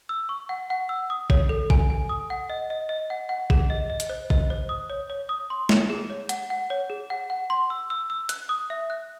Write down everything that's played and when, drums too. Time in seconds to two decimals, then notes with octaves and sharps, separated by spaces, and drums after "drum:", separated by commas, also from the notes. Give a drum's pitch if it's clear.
0.09 E6
0.29 C#6
0.49 F#5
0.70 F#5
0.89 E6
1.10 D#6
1.30 C#5, drum: kick
1.49 A4
1.70 G#5, drum: kick
1.90 G#5
2.09 D#6
2.30 F#5
2.50 D#5
2.70 D#5
2.89 D#5
3.10 F#5
3.29 F#5
3.50 G#4, drum: kick
3.70 D#5
3.90 D#5
4.00 drum: hi-hat
4.09 C5
4.30 D#5, drum: kick
4.50 C5
4.69 D#6
4.90 C#5
5.10 C#5
5.29 D#6
5.50 C6
5.69 C#5, drum: snare
5.90 G#4
6.10 C#5
6.29 F#5, drum: hi-hat
6.50 F#5
6.70 C#5
6.90 G#4
7.10 F#5
7.30 F#5
7.50 C6
7.70 E6
7.90 E6
8.10 E6
8.29 F#6, drum: hi-hat
8.49 D#6
8.70 E5
8.90 F#6